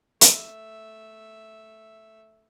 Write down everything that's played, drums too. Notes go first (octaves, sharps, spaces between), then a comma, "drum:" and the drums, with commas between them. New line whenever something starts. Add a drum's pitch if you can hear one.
A3 E5, drum: hi-hat